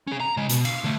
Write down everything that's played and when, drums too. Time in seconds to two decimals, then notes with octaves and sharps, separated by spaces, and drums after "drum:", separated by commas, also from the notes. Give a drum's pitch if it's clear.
0.07 C#4 G#4
0.20 A#5
0.37 C#3 G#3
0.49 B2, drum: hi-hat
0.65 F5, drum: cymbal
0.84 D3 A3